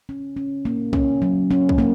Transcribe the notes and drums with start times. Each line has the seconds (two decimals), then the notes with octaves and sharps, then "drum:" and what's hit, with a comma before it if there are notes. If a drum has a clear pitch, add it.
0.09 C#4
0.37 C#4
0.65 A#3
0.93 C#4, drum: kick B1
1.22 F#3
1.51 C#4
1.69 drum: kick B1
1.78 A#3